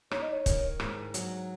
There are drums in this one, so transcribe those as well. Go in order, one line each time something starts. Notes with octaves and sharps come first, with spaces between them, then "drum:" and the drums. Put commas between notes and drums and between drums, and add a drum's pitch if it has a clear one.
D#4 C#5, drum: rim click
D#5
C#5
D#3, drum: kick, hi-hat
G#2, drum: rim click
F#3, drum: hi-hat